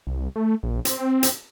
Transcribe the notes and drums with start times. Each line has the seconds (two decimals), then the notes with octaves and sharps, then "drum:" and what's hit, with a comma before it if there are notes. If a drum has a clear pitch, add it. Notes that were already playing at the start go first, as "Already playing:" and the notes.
0.07 C2
0.36 A3
0.63 A#1
0.85 C4, drum: hi-hat
1.23 drum: hi-hat